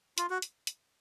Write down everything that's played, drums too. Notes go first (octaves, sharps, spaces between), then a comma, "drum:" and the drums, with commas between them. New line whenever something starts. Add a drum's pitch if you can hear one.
F4, drum: hi-hat
F#4
drum: hi-hat
drum: hi-hat